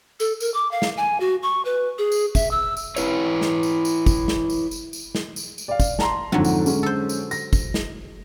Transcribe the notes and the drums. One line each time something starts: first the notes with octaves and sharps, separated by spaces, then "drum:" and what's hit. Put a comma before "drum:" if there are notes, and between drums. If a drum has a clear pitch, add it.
A4, drum: tambourine
A#4, drum: tambourine
D6
F5
drum: snare
G#5
F#4
C#6
B4
G#4
drum: tambourine
E5, drum: kick, tambourine
E6
drum: tambourine
E4 B4 C#5, drum: tambourine
drum: snare
drum: tambourine
drum: tambourine
drum: kick, tambourine
drum: snare
drum: tambourine
drum: tambourine
drum: tambourine
drum: snare
drum: tambourine
drum: tambourine
D5 F5
drum: kick, tambourine
A5 A#5 C6, drum: snare
F2 G#2 D3 F#3
drum: tambourine
G#3 C#4, drum: tambourine
A4 C5
drum: tambourine
A#6, drum: tambourine
drum: kick, tambourine
drum: snare